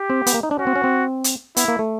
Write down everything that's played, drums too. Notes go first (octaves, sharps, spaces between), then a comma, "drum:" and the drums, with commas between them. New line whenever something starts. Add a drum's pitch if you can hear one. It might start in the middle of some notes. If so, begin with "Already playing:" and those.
Already playing: G4
C4
B3, drum: hi-hat
A#3
D#4
D4
C#4 F#4
C4
C#4
C4
drum: hi-hat
B3 E4, drum: hi-hat
A#3
A3